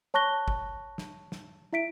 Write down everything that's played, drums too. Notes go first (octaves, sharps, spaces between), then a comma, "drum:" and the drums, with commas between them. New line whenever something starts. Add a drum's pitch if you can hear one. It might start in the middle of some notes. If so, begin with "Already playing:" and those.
C#5 A5 C#6 F#6 A#6 G7
drum: kick
drum: snare
drum: snare
E4 E5 B6 D7